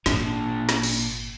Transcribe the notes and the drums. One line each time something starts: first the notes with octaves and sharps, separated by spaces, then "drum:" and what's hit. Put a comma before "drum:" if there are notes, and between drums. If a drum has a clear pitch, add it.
G#1 A#2 D4, drum: snare
drum: snare
drum: cymbal